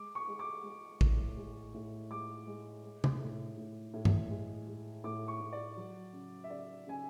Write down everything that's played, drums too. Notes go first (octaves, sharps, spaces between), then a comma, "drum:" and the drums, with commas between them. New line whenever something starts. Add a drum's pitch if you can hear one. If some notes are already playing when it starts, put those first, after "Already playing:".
Already playing: G#3 D6
C#6
G#3
D6
G#3
A2, drum: kick
G#3
A2
G#3 D6
G#3
G#3
drum: tom C3
A2
A2
A2
drum: tom G2
G#3
G#3
A2 D6
C#6
A2
D5
F#3
C#3
E5
C#3 D5
C#3 G#5